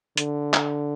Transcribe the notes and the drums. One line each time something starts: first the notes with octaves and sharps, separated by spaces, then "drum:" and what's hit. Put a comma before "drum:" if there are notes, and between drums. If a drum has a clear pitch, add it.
D3, drum: hi-hat
drum: clap